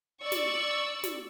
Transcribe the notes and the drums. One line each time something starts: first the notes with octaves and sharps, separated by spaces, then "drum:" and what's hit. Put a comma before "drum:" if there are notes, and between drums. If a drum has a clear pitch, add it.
D5 C#6 E6
drum: snare
drum: snare